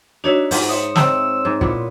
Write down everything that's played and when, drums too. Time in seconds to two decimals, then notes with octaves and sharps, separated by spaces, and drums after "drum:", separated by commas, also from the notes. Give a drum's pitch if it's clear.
0.24 D4 D#4 F#4 C#5 D5 E5
0.51 G#2 C5 F5 F#5, drum: open hi-hat
0.69 C#5 E5 C6 D#6
0.96 C4 D#4 E6, drum: snare
1.45 G#2
1.61 A#2 B3 E4, drum: kick